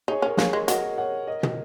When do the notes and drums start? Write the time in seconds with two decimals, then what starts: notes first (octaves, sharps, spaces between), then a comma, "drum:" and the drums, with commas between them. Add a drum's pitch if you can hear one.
0.08 D#4 G#4 C#5
0.22 C#4
0.26 A#4
0.37 A#3 G#4 C#5, drum: snare
0.53 G#3
0.68 F#3 A#4 D#5, drum: hi-hat
0.98 C#5 F#5
1.27 A#4 D#5
1.43 drum: tom